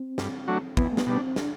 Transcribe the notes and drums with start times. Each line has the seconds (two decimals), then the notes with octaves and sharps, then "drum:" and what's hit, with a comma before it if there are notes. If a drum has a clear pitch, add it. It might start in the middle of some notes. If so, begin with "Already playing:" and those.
Already playing: C4
0.18 G2, drum: snare
0.48 F#3 A3 D4 F#4
0.77 E2 B3, drum: kick
0.92 A3
0.97 B3, drum: snare
1.07 B2 G3 D4
1.17 C4
1.36 D4, drum: snare